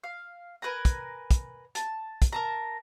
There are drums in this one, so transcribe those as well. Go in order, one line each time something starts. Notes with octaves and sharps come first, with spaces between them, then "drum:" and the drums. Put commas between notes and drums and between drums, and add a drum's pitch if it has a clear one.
F5
A#4 B4 G#5 A#5
drum: kick, hi-hat
drum: kick, hi-hat
A5, drum: hi-hat
drum: kick, hi-hat
A#4 A5 A#5